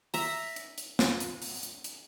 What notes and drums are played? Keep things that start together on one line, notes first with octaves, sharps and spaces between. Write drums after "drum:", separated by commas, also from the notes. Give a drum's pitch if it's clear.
E5 A#5, drum: open hi-hat
drum: hi-hat
drum: hi-hat
drum: snare
drum: hi-hat
drum: open hi-hat
drum: hi-hat
drum: hi-hat